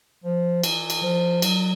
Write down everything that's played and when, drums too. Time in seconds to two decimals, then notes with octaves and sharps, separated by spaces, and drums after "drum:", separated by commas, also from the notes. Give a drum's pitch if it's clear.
0.24 F3
0.63 E3, drum: cymbal
0.90 drum: cymbal
1.03 F3
1.42 F#3, drum: cymbal